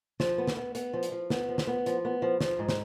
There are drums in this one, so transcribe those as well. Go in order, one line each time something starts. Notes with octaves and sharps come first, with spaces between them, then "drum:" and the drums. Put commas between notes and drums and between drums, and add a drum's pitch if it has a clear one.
F3, drum: snare
B3
drum: snare
B3
B3, drum: hi-hat
F3
drum: hi-hat
F3
B3, drum: snare
F3
drum: snare
B3
F3, drum: hi-hat
B3
F3
F3, drum: snare
G#2
drum: snare